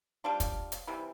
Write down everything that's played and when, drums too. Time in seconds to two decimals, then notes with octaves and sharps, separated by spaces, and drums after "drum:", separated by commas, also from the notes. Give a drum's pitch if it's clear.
0.24 G3 D4 F4
0.40 drum: kick, hi-hat
0.72 drum: hi-hat
0.87 C3 E3 G3